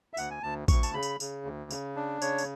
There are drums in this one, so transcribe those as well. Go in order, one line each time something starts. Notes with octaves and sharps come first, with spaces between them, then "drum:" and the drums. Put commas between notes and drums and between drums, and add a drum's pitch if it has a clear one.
E5
D2 F#5, drum: tambourine
G#5
D2 A5
D2 C#6, drum: kick A1, tambourine
A5, drum: tambourine
C#3 B5
drum: tambourine
C#3, drum: tambourine
D2
C#3, drum: tambourine
D4
C#3 C#5, drum: tambourine
drum: tambourine